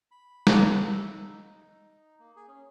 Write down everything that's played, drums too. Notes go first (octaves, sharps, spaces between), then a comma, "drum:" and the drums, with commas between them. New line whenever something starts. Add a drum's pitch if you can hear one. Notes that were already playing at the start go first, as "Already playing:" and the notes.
B5
drum: snare
E5
D#4
A#3
G#4
C#4